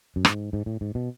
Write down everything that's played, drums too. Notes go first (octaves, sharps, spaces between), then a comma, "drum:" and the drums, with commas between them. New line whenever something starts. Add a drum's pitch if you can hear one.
F#2
G#2, drum: rim click
G#2
A2
G#2
B2